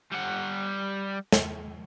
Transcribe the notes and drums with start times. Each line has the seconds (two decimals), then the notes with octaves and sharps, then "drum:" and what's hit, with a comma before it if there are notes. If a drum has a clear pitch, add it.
0.12 G3 F#5
1.32 drum: snare